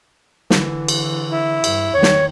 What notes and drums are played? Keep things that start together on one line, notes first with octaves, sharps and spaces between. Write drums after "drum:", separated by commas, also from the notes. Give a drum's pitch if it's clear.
D3 E3, drum: snare
drum: cymbal
E4
G2, drum: cymbal
E2 D#3 C#5
drum: snare